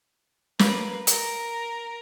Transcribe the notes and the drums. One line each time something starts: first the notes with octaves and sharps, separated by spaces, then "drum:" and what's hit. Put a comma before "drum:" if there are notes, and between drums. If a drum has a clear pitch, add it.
A#3 B4, drum: snare
A#4, drum: hi-hat